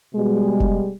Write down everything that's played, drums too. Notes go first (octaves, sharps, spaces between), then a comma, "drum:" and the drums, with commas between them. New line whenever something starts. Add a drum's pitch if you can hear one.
B2 G3 G#3
drum: kick F1